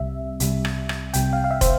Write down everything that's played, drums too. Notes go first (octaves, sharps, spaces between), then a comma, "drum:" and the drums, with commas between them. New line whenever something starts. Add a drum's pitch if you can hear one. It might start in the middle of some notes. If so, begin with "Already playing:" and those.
Already playing: C2 C3 G3 E5
C2 C3 G3, drum: hi-hat
drum: rim click
drum: rim click
C2 C3 G3 G5, drum: hi-hat
F5
F5
E5
C5, drum: kick, hi-hat